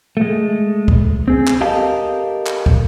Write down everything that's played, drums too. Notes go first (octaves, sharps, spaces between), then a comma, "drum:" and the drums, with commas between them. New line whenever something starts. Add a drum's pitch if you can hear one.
G#3 A3
drum: kick
C4 G#4
drum: clap
G4 A4 A#4 D#5 F5 A5
drum: clap
drum: kick